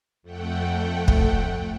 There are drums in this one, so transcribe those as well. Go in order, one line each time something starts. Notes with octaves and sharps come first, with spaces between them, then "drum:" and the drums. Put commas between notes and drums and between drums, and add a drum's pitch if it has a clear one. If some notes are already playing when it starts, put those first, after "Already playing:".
F2 A3 F#5 G5
drum: kick